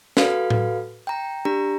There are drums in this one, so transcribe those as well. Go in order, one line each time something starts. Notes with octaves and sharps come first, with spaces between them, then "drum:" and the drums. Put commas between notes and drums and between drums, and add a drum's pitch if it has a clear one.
F#4 A4 B4 F5, drum: snare
drum: tom A2
G5 A#5
D4 G4 A#5